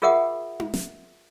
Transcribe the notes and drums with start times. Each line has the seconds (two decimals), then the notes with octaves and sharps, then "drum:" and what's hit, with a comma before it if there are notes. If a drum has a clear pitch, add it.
0.02 F4 G#4 A#4 E5 F#5 D#6
0.60 drum: tom D#4
0.74 drum: snare